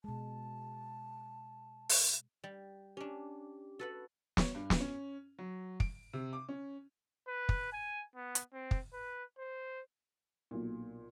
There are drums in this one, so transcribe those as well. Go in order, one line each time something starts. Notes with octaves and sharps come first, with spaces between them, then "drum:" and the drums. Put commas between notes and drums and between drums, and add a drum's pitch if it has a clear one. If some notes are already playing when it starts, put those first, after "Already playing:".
B2 G#3 A5
drum: open hi-hat
G3
C#4 D4 G4
F#4 A4 B4 F#5
C#5, drum: snare
G2
drum: snare
C#4
F#3
D7, drum: kick
C3
D6
C#4
B4
drum: kick
G#5
B3
drum: hi-hat
C4
drum: kick
B4
C5
B1 A#2